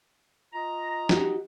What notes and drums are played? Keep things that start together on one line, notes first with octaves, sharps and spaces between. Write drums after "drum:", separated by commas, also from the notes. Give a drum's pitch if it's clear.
F4 D#5 A#5
D#4 F#4 G4, drum: snare